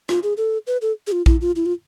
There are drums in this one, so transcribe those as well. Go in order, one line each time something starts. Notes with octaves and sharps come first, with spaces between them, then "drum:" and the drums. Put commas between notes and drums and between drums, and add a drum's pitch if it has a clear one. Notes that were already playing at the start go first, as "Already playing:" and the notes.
F4, drum: rim click
G#4
A4
B4
A4
G#4
F4
E4, drum: kick A#1
F4
E4
F4